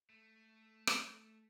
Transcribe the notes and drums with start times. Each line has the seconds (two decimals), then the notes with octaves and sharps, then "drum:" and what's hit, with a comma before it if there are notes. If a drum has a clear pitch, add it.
0.10 A3
0.87 drum: rim click